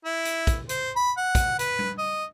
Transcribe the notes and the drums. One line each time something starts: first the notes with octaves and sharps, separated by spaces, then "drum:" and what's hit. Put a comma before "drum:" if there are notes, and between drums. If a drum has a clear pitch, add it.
E4
drum: hi-hat
drum: kick, hi-hat
C5, drum: hi-hat
B5
F#5
drum: kick, hi-hat
B4, drum: hi-hat
drum: tom G3
D#5